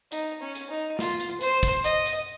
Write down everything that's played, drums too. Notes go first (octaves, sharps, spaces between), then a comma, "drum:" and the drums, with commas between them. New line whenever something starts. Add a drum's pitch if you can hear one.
D#4, drum: hi-hat
C#4
drum: hi-hat
D#4
F4, drum: snare
drum: hi-hat
C5, drum: hi-hat
drum: kick, hi-hat
D#5, drum: hi-hat
drum: hi-hat